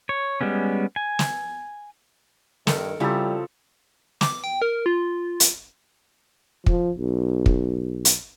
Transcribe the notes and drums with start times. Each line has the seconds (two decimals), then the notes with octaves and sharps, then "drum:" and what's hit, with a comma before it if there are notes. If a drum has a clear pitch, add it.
0.09 C#5
0.41 G3 G#3 B3 C#4
0.96 G#5
1.19 drum: snare
2.67 G2 D#3 A4 A#4, drum: snare
3.00 C#3 F3 G3 C4 E4 A4 A#5
4.21 D6, drum: snare
4.44 G5
4.62 A#4
4.86 F4
5.40 drum: hi-hat
6.66 F3, drum: kick
6.98 B1
7.46 drum: kick
8.05 drum: hi-hat